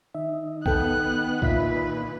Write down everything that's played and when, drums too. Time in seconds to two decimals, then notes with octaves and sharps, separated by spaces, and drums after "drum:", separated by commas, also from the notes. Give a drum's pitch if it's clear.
0.14 D#3 D#4 E5
0.66 B3 A4 G5 F#6, drum: kick
1.42 A#2 F4 B4 E5 B6, drum: kick